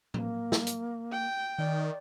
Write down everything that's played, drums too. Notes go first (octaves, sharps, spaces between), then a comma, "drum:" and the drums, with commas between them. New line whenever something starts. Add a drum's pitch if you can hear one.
A#3, drum: tom A2
drum: snare
drum: hi-hat
G5
D#3 D5